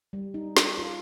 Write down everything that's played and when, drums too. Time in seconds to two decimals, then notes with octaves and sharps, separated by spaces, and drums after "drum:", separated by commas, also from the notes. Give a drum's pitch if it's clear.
0.13 G3
0.34 D#4
0.57 D4, drum: snare
0.78 F4